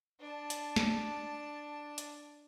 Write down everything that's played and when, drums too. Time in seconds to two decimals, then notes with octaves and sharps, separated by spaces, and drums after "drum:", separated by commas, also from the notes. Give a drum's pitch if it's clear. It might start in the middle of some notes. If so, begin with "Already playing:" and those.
0.20 D4 A5
0.50 drum: hi-hat
0.76 drum: snare
1.98 drum: hi-hat